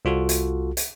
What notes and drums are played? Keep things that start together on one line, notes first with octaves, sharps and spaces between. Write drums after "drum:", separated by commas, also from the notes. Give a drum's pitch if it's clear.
C2 F4 F#4 A4
drum: hi-hat
drum: hi-hat